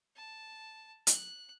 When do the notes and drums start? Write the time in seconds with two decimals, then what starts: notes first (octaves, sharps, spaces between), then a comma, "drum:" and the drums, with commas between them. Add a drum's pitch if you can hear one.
0.16 A5
1.07 F#6, drum: hi-hat